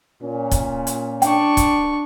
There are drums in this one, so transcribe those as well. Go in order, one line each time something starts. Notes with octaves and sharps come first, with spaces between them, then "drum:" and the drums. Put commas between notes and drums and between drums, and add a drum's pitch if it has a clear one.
A#2 C#4
drum: kick, hi-hat
drum: hi-hat
D4 G5 C#6, drum: hi-hat
drum: kick, hi-hat